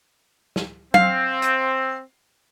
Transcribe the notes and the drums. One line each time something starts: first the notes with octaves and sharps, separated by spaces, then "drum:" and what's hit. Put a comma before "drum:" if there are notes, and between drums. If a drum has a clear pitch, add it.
drum: snare
C4 F5, drum: tom F#3
drum: hi-hat